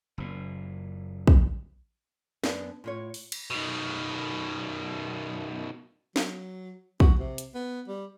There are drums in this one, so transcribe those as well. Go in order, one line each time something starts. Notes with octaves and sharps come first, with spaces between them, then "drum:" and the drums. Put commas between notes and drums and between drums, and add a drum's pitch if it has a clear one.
F#1 A#2
drum: kick
F#2 B3 D4, drum: snare
A2 F4 C#5
drum: open hi-hat
drum: cymbal
B2 D#3
F#3, drum: snare
F#4, drum: kick
C3
drum: hi-hat
B3
G3